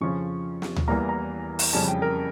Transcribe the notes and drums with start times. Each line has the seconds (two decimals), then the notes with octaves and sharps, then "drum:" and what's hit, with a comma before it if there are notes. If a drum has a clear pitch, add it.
0.01 F2 C#3 F3 C#4 C#6
0.62 drum: snare
0.76 drum: tom D2
0.87 E2 E3 G3 A#3 A#5
1.09 A#5
1.59 drum: open hi-hat
1.73 F2 C#3 G3 C#4 A5
1.88 G5
2.02 A#4